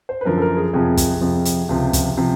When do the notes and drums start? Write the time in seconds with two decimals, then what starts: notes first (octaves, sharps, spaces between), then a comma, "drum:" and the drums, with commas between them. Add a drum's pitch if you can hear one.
0.09 C5
0.21 B4
0.25 F#2 D3 F3 A#4
0.37 A4
0.41 A#4
0.57 G#4
0.73 F2 C3 F3 G#4
0.97 drum: kick, hi-hat
1.21 F2 C3 F3
1.45 drum: hi-hat
1.69 C#2 C3 F3
1.93 drum: kick, hi-hat
2.17 C3 F3